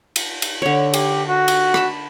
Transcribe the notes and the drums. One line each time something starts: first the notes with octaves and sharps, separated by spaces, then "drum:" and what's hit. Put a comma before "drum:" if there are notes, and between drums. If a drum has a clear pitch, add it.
drum: cymbal
drum: cymbal
D3 C#5
G4, drum: cymbal
F#4
drum: cymbal
A5 B5, drum: rim click